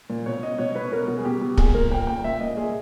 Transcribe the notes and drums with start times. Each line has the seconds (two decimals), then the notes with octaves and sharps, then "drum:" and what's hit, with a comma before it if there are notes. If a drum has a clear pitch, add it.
0.10 A#2
0.26 B2 C#5
0.43 B2 D#5
0.59 B2 C#5
0.75 B2 B4
0.92 B2 A#4
1.08 B2
1.17 G#4
1.25 B2 G4
1.41 B2
1.58 A#2 G#4, drum: kick
1.75 A#2 A#4
1.91 A#2 G5
2.07 A#2 G5
2.24 A#2 E5
2.41 A#2 D#5
2.57 A#2 G#4